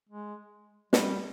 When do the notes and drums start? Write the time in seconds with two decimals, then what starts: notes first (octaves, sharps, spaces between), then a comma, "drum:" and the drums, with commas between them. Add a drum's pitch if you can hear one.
0.09 G#3
0.93 G3, drum: snare